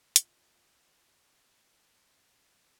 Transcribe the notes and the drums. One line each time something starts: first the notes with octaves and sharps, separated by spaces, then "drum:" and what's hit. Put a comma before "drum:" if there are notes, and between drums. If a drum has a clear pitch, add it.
F4 D#5, drum: hi-hat